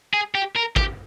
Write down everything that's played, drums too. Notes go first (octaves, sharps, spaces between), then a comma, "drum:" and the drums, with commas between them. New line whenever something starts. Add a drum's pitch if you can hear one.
G#4
G4
A#4
G4, drum: kick